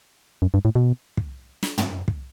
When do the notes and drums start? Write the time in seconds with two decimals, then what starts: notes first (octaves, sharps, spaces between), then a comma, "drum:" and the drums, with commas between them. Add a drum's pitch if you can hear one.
0.42 F#2
0.54 G2
0.65 A2
0.75 B2
1.17 drum: kick
1.63 drum: snare
1.78 drum: tom
2.08 drum: kick